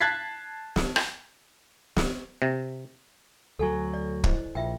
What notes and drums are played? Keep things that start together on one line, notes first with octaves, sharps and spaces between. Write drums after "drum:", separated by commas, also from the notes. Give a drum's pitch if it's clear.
A5 F#6 G#6 A6 B6 C7
drum: snare
drum: rim click
drum: snare
C3
D2 F#3 A4 G#5
D5
E4 C5 D#5, drum: kick
A#1 F4 E5 G5